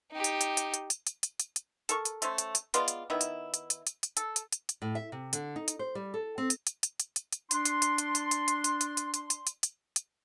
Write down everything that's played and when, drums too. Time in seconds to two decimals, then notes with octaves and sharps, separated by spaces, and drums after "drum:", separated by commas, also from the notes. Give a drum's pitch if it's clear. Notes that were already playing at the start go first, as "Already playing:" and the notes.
0.12 D#4 G4
0.24 drum: hi-hat
0.41 drum: hi-hat
0.57 drum: hi-hat
0.74 drum: hi-hat
0.90 drum: hi-hat
1.07 drum: hi-hat
1.23 drum: hi-hat
1.40 drum: hi-hat
1.56 drum: hi-hat
1.89 A4 A#4 C#6, drum: hi-hat
2.05 drum: hi-hat
2.22 A3 C#4 C5, drum: hi-hat
2.38 drum: hi-hat
2.55 drum: hi-hat
2.74 G#3 B3 F4 D5, drum: hi-hat
2.88 drum: hi-hat
3.10 D#3 B3 E4
3.21 drum: hi-hat
3.54 drum: hi-hat
3.70 drum: hi-hat
3.87 drum: hi-hat
4.03 drum: hi-hat
4.17 A4, drum: hi-hat
4.36 drum: hi-hat
4.53 drum: hi-hat
4.69 drum: hi-hat
4.82 A2
4.95 E5
5.12 C3
5.33 D3, drum: hi-hat
5.56 D#4
5.68 drum: hi-hat
5.79 C5
5.95 G3
6.14 A4
6.38 C4
6.50 drum: hi-hat
6.67 drum: hi-hat
6.83 drum: hi-hat
7.00 drum: hi-hat
7.16 drum: hi-hat
7.33 drum: hi-hat
7.51 D4 C6, drum: hi-hat
7.65 drum: hi-hat
7.82 drum: hi-hat
7.98 drum: hi-hat
8.15 drum: hi-hat
8.31 drum: hi-hat
8.48 drum: hi-hat
8.64 drum: hi-hat
8.81 drum: hi-hat
8.97 drum: hi-hat
9.14 drum: hi-hat
9.30 drum: hi-hat
9.47 drum: hi-hat
9.63 drum: hi-hat
9.96 drum: hi-hat